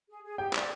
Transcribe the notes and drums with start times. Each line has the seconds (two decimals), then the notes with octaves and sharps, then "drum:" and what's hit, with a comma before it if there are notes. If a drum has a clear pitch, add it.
0.09 G#4
0.24 G#4
0.38 G4 G5
0.53 D5, drum: clap